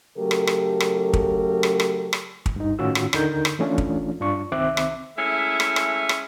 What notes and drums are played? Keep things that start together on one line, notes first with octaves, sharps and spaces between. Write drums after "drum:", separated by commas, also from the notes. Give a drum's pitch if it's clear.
C#3 F#3 A3 G4 A4 A#4
drum: rim click
drum: rim click
drum: rim click
drum: kick
drum: rim click
drum: rim click
drum: rim click
drum: kick
G2 D#4
A2 D#3 C#4 F4 F#4 E6
drum: rim click
D#2 D3 D#4 A#4 G6, drum: rim click
drum: rim click
E3 A3 C#4 D4 F4
drum: kick
G2 D4 F4 C#6
C2 D#3 C4 E5 D6 F#6
drum: rim click
G#3 A3 C#4 E4 E5
drum: rim click
drum: rim click
drum: rim click